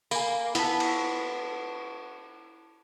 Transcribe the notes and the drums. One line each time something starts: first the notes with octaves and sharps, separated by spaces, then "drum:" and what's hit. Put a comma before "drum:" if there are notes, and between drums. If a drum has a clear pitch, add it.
A#3 G#5 B5, drum: tambourine
B3 E4 A5, drum: hi-hat
drum: cymbal